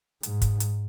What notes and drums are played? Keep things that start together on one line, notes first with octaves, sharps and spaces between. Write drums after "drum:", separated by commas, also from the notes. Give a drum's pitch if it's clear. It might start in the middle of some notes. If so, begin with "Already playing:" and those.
G#2, drum: hi-hat
drum: kick, hi-hat
drum: hi-hat